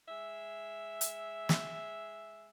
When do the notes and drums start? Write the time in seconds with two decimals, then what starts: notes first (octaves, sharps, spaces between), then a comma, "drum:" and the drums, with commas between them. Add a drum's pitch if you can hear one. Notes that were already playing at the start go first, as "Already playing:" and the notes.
0.09 G#3 E5
1.01 drum: hi-hat
1.49 drum: snare